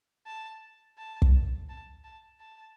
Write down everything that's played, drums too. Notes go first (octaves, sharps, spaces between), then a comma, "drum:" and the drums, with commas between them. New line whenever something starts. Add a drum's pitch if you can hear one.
A5
A5
drum: kick
A5
A5
A5